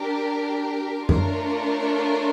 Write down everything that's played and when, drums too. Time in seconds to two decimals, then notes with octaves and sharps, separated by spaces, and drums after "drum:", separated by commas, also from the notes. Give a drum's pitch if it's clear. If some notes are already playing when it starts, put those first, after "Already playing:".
Already playing: D4 G4 A#4
1.09 A3 D4 F4 A#4 C#5, drum: tom F#2